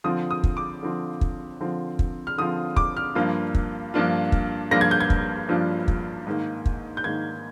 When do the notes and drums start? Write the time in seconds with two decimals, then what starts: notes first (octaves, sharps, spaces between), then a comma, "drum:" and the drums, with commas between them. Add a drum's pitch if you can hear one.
0.04 D3 F3 C4 F4 D#6
0.31 D#6
0.44 drum: kick
0.57 D6
0.83 D3 F3 C4 F4
1.21 drum: kick
1.60 D3 F3 C4 F4
1.99 drum: kick
2.27 F6
2.38 D3 F3 C4 F4 D#6
2.76 D6, drum: kick
2.97 F6
3.15 G2 F3 A#3 D4 F4
3.55 drum: kick
3.94 G2 F3 A#3 D4 F4
4.32 drum: kick
4.71 G2 F3 A#3 D4 F4 A#6
4.81 G#6
4.91 G6
5.00 G#6
5.10 drum: kick
5.49 G2 F3 A#3 D4 F4
5.88 drum: kick
6.27 G#2 D#3 A#3
6.66 drum: kick
6.97 G6
7.04 G#2 D#3 A#3 G#6